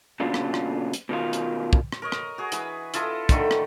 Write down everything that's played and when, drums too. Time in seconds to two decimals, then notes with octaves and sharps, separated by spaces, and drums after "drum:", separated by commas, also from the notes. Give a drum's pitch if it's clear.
0.20 A#2 C#3 F#3 B3 D4 F4
0.34 drum: rim click
0.54 drum: rim click
0.93 drum: hi-hat
1.09 B2 D#3 F4
1.33 drum: hi-hat
1.73 drum: kick
1.92 drum: rim click
2.02 A#4 C#5 D#5
2.12 drum: rim click
2.38 F#4 G#4
2.52 E3 G#4 B4, drum: hi-hat
2.94 E4 F4 A4 D#5, drum: hi-hat
3.29 D3 D#3 A3, drum: kick, hi-hat
3.51 drum: rim click